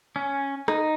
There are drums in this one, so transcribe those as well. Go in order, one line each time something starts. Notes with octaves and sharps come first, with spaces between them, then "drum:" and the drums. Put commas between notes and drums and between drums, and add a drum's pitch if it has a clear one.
C#4
D#4, drum: rim click